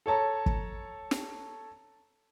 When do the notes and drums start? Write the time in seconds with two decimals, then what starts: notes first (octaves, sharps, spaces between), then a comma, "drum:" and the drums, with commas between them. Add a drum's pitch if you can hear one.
0.06 A4 C#5 A5 A#5
0.46 drum: kick
1.11 drum: snare